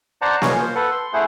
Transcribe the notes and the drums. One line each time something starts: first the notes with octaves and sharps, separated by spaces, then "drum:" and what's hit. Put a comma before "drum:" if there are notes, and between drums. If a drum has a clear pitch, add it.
C5 D5 F#5 A5 A#5
B3 C#4 C#5 D#5 F5, drum: snare A#3
F4 C5
A4 B4 F#5
C6
A3 E4 G#4 C5 F#5